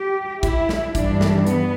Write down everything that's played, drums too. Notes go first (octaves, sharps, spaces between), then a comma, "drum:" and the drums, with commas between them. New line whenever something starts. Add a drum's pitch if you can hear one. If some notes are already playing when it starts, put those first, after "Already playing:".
Already playing: G4
E4, drum: kick, hi-hat
drum: snare
G2 E3 G3 D4, drum: kick, hi-hat
drum: snare
B3, drum: hi-hat